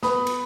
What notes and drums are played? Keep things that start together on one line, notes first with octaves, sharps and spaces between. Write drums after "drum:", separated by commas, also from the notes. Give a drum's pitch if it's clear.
B3 B5 D#6, drum: snare
drum: cymbal